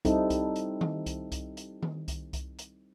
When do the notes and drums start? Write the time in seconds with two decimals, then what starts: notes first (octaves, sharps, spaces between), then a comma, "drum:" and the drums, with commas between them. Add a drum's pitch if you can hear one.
0.05 G3 C4 D#4 E4 A4, drum: kick C2, hi-hat
0.30 drum: kick C2, hi-hat
0.56 drum: hi-hat
0.81 drum: tom D#3
1.06 drum: kick C2, hi-hat
1.32 drum: kick C2, hi-hat
1.57 drum: hi-hat
1.83 drum: tom D#3
2.08 drum: kick C2, hi-hat
2.33 drum: kick C2, hi-hat
2.59 drum: hi-hat